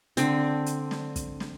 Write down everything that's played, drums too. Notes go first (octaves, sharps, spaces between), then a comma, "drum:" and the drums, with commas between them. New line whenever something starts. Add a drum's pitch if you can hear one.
D3 C4, drum: hi-hat
drum: hi-hat
drum: snare
drum: kick, hi-hat
drum: snare